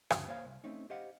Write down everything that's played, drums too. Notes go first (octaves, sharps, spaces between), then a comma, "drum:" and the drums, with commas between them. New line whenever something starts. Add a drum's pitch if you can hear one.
D2 G2 C#3 F#4, drum: rim click
A#3 C5 C#5 F5
C2
A3 C4 C#4 D#4
G4 C5 D#5 F5 F#5